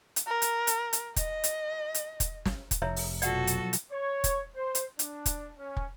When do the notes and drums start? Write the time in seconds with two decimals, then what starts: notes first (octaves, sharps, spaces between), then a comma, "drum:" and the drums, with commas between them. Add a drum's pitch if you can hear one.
0.16 drum: hi-hat
0.27 A#4
0.42 drum: hi-hat
0.67 drum: hi-hat
0.93 drum: hi-hat
1.16 D#5, drum: kick, hi-hat
1.44 drum: hi-hat
1.94 drum: hi-hat
2.20 drum: kick, hi-hat
2.45 drum: snare
2.71 drum: kick, hi-hat
2.82 F1 E4 C#5 E5
2.96 drum: open hi-hat
3.22 B2 F3 F#3 F#4 A4 D5 F#5, drum: hi-hat
3.47 drum: hi-hat
3.73 drum: hi-hat
3.91 C#5
4.24 drum: kick, hi-hat
4.56 C5
4.75 drum: hi-hat
4.99 D4, drum: hi-hat
5.26 drum: kick, hi-hat
5.57 C#4
5.77 drum: kick